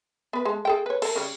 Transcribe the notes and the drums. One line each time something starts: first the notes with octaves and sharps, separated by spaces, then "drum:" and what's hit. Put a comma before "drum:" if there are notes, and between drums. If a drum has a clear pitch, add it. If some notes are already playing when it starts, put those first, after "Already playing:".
B3 B4
G#3 A4
G#4 A4 G5
B4 C#5
A4 A#4, drum: cymbal
C#3 G3